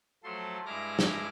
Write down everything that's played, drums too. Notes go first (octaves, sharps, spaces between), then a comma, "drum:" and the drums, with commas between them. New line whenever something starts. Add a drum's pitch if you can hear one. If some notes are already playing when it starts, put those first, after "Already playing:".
F3 F#3 A3 A4 C6
G2 G#3 E4 D6 F6 A#6
drum: snare